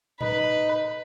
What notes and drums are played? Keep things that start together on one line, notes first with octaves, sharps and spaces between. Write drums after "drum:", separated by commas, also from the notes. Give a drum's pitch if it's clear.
D#4 B4, drum: tom A2